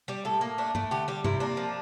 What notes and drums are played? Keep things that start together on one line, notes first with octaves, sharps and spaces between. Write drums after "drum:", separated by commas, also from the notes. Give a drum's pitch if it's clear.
G3 G4
A2 A4
A#3
A3 D4
A3 E4, drum: tom
D3 G4
G3 G4
C3 E4, drum: tom G2
A#3 D4
F3